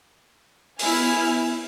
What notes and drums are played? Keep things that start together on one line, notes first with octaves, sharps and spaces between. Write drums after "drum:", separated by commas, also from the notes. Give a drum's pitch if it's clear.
B3 E4 G#5 F6, drum: open hi-hat